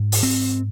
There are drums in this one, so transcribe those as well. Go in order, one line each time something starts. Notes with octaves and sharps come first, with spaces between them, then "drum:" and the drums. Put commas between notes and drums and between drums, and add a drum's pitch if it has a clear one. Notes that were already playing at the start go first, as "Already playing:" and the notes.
Already playing: G#2
drum: open hi-hat
C4